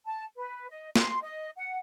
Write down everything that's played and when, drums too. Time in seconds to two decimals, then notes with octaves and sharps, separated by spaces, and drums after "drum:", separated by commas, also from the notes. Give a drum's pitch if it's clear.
0.05 A5
0.36 B4
0.69 D#5
0.96 C6, drum: snare
1.22 D#5
1.57 F#5